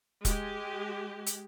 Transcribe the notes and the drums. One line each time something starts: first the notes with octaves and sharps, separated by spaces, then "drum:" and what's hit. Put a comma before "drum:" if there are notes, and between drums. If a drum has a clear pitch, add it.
G#3 G4, drum: kick, hi-hat
drum: hi-hat